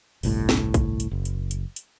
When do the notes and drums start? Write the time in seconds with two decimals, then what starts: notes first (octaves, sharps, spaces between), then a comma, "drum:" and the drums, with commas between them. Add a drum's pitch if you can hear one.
0.23 G1 C2 A2, drum: open hi-hat
0.49 drum: snare
0.74 drum: kick, hi-hat
1.00 drum: hi-hat
1.11 F#1
1.25 drum: hi-hat
1.51 drum: hi-hat
1.76 drum: hi-hat